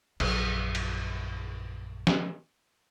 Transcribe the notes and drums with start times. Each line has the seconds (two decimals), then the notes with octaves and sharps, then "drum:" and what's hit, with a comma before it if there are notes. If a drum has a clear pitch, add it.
0.20 A#1 F#2, drum: cymbal
0.75 drum: cymbal
2.07 drum: snare